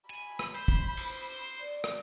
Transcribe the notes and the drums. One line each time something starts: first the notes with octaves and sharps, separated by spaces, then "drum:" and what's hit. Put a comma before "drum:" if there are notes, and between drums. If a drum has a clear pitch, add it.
G#5 B5
drum: rim click
C5
drum: kick
drum: cymbal
D5
drum: rim click